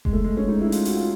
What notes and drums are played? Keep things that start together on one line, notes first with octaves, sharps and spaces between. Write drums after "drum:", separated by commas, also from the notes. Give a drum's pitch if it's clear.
G#3, drum: kick F1
A3
G#3
C#4
D#4
E4
F4, drum: open hi-hat
F#4, drum: open hi-hat
F4